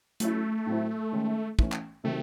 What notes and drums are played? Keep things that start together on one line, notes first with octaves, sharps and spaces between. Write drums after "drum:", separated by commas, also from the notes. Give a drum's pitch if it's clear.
F#3 A3 C#4 E4, drum: hi-hat
A2 F#3 C4 E4
D#3 G#3 C#4
E3 A3 C#4, drum: kick
drum: clap
C3 D#3 F#3 A3